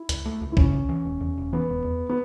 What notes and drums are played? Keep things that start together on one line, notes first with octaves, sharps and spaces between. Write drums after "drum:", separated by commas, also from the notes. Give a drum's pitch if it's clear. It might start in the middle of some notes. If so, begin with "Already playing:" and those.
Already playing: E4
C#2, drum: hi-hat
A3
C#2
E4
C#3 C#4, drum: kick
C#2
E3
E1
E2
E1
E3 B3
E1
E2
B3